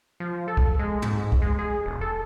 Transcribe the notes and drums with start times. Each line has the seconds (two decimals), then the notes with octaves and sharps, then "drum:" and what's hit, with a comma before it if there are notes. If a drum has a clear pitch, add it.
0.20 F3
0.48 A4
0.57 drum: kick
0.79 G#3
1.02 G#2, drum: tom
1.32 drum: kick
1.42 G#3
1.59 G#4
1.86 E1
2.01 A4